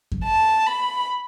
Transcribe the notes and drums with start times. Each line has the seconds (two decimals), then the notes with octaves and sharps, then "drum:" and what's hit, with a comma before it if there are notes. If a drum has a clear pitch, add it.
0.12 drum: kick F2
0.24 A5
0.66 B5